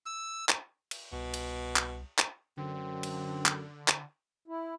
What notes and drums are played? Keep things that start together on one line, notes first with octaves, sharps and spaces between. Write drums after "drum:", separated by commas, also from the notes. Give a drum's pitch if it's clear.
E6
drum: clap
drum: cymbal
C2 B2
drum: cymbal
drum: clap
drum: clap
F#2 D3 C4
drum: cymbal
drum: clap
drum: clap
E4